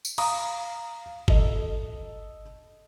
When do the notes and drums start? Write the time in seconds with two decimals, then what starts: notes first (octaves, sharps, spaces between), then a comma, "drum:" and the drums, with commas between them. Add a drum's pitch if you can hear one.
0.05 drum: tambourine
0.18 F5 A#5 D#6, drum: cymbal
1.28 A4 D#5, drum: kick G1